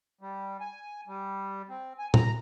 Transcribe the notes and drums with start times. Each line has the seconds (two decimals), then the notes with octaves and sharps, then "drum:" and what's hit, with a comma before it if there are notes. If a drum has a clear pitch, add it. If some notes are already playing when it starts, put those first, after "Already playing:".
0.21 G3
0.60 G#5
1.07 G3
1.69 C4
1.99 G#5
2.14 A#5, drum: tom A#2